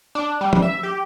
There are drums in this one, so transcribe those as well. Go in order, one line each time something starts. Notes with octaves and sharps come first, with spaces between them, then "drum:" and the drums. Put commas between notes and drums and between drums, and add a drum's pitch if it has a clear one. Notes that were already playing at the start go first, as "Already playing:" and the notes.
D4
G3
drum: tom
E5
G4